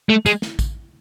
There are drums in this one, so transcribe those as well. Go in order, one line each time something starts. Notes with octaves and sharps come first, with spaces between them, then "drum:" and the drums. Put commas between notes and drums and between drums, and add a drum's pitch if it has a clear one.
A3
G#3, drum: tambourine
drum: snare
drum: kick A1, tambourine